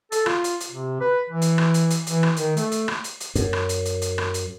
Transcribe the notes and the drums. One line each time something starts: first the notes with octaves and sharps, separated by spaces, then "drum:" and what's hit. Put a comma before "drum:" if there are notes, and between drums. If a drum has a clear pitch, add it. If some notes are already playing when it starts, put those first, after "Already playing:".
A4, drum: hi-hat
F4, drum: rim click
drum: hi-hat
drum: hi-hat
C3
B4
E3
drum: hi-hat
drum: rim click
drum: hi-hat
drum: hi-hat
E3, drum: hi-hat
drum: rim click
D#3, drum: hi-hat
A3, drum: hi-hat
drum: hi-hat
drum: rim click
drum: hi-hat
drum: hi-hat
F#2, drum: hi-hat
drum: rim click
drum: hi-hat
drum: hi-hat
drum: hi-hat
drum: rim click
drum: hi-hat